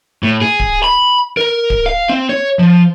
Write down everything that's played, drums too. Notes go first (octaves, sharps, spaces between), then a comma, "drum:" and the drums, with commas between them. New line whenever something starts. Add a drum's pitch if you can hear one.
A2
G#4
drum: kick D1
B5
A#4
drum: kick D1
F5
C4
C#5
F3